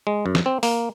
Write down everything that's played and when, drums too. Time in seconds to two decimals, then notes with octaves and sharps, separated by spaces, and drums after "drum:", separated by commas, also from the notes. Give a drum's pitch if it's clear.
0.07 G#3
0.26 F#2
0.35 drum: snare
0.46 C4
0.63 A#3, drum: open hi-hat